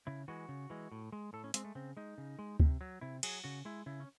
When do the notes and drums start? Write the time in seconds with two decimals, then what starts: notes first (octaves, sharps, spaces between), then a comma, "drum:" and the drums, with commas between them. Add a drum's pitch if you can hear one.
0.07 C#3 E4
0.28 E3 G#3 F#4
0.49 C#3
0.70 E3 G#3
0.92 A2
1.12 G#3
1.33 A2 A4
1.44 C#4
1.54 G#3 C4, drum: hi-hat
1.64 A3
1.75 C#3 C4
1.97 G#3 D#4
2.18 C#3
2.39 G#3
2.60 C3, drum: kick D2
2.81 F#3
3.01 C3 E4
3.23 F#3 G#4, drum: cymbal
3.44 C#3 F#4
3.65 G#3 E4
3.86 C#3 E4
4.00 C#4